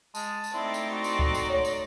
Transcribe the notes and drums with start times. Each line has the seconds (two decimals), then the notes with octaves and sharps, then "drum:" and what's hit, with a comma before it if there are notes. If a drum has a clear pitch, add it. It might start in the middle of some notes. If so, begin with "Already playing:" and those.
0.15 G#3 A5, drum: tambourine
0.44 drum: tambourine
0.54 A3 C4 D#4 E4 D5
0.74 drum: tambourine
0.90 F#4
1.04 drum: tambourine
1.19 drum: kick C#2
1.34 drum: tambourine
1.50 C#5
1.65 drum: tambourine